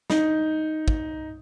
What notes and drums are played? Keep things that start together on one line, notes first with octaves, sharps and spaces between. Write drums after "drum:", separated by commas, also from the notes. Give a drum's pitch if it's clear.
D#4, drum: snare
drum: kick